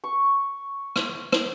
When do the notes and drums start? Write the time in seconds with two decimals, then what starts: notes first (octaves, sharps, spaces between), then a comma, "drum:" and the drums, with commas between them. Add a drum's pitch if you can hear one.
0.04 C#6
0.96 drum: rim click
1.32 drum: rim click